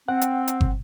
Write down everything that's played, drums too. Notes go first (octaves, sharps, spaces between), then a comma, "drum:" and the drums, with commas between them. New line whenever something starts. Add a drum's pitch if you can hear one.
C4 F#5
drum: hi-hat
drum: hi-hat
drum: kick